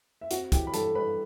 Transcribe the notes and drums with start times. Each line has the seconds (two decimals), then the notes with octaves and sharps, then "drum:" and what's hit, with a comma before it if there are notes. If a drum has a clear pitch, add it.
0.21 E5
0.31 C4 F#4 F#5, drum: hi-hat
0.52 E3 G4 G5, drum: kick, hi-hat
0.67 B5
0.74 G2 A4 A5, drum: hi-hat
0.95 G3 B4 B5